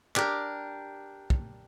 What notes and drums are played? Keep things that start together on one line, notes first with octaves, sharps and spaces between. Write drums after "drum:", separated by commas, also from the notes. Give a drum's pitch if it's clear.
D4 G4 A#4, drum: clap
drum: kick